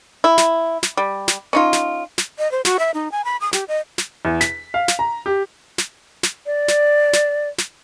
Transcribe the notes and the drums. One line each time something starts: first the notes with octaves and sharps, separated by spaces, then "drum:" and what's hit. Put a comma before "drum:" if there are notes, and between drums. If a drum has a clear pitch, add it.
E4
drum: snare
drum: snare
G3
drum: snare
C#4 D#4 F4
drum: snare
drum: snare
D#5
C5
F#4, drum: snare
E5
D#4
G#5
B5
D#6
G4, drum: snare
D#5
drum: snare
E2
B6, drum: snare
F5
drum: snare
A#5
G4
drum: snare
drum: snare
D5
drum: snare
drum: snare
drum: snare